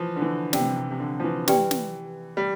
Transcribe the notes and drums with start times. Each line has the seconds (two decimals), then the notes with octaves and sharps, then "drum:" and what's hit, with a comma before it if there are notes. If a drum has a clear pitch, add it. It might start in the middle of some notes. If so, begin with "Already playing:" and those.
Already playing: E3 F3
0.16 D3
0.22 E3
0.53 C3 G4 D5 G5, drum: snare
0.76 C3
0.91 C3
1.00 D3
1.20 F3
1.24 E3
1.48 D4 G4 B4 D5 G5, drum: snare
1.71 drum: snare
2.37 G3